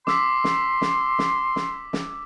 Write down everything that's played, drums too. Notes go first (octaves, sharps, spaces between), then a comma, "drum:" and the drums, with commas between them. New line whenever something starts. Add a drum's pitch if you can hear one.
C6 D6 E6 B6, drum: snare
drum: snare
drum: snare
drum: snare
drum: snare
drum: snare